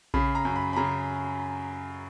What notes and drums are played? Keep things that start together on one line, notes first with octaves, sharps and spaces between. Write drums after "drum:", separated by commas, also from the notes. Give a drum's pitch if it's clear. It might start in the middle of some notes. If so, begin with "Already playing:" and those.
C#3 B5, drum: kick A#1
A#5
F#2
B5
B5
C#3 A#5